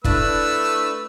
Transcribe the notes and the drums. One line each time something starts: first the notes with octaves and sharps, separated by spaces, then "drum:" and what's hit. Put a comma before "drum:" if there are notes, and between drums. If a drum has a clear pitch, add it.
A3 D4 E4 B4 E6, drum: kick